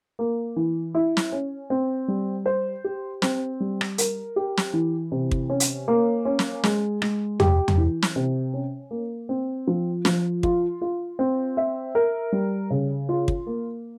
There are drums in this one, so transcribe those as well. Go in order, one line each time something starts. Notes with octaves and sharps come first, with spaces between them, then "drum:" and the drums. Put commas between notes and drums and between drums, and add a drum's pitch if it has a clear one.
A#3
E3
E4
drum: snare
C#4
C4
G3
C5
G4
C4, drum: snare
G3
drum: rim click
A#4, drum: hi-hat
G4
drum: snare
E3
C3
drum: kick
C#4
drum: hi-hat
A#3
C#4
drum: snare
G#3, drum: snare
G#3, drum: rim click
G4, drum: tom E2
drum: tom E2
E3
drum: snare
C3
C#4
A#3
C4
F3
F3, drum: snare
F4, drum: kick
F4
C4
E5
A#4
G3
C#3
F4
drum: kick
A#3